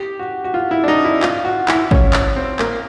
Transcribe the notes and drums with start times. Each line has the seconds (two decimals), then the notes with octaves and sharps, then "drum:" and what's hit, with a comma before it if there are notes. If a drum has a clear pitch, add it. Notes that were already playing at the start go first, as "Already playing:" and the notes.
Already playing: G4
0.19 F#4
0.44 F#4
0.54 F4
0.71 E4
0.84 D4
0.88 D#4
1.05 E4
1.23 F4, drum: clap
1.45 F#4
1.68 E4, drum: clap
1.91 C#4, drum: kick
2.13 drum: clap
2.36 C4
2.59 A#3, drum: clap